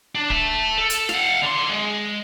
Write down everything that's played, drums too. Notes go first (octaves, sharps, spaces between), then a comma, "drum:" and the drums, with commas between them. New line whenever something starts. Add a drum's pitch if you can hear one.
D4
E5 A5, drum: kick D1
A4
drum: hi-hat
F5 F#5, drum: snare
D3 C6
G#3